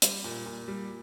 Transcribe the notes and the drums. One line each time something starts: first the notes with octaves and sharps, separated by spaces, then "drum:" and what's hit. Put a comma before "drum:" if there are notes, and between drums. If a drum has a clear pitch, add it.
G3, drum: hi-hat
A#2
A#2
G3